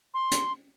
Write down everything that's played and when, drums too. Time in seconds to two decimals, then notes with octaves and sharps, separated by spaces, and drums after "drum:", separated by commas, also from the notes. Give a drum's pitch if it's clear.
0.14 C6
0.32 drum: hi-hat